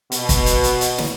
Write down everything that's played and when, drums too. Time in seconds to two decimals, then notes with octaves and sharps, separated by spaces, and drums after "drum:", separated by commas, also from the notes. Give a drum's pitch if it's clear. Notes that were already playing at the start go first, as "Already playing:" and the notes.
0.12 B2, drum: hi-hat
0.29 drum: kick, hi-hat
0.46 drum: hi-hat
0.64 drum: hi-hat
0.81 drum: hi-hat
0.98 drum: snare